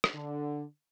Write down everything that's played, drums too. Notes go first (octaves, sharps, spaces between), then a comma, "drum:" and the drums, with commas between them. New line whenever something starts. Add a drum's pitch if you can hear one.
drum: rim click
D3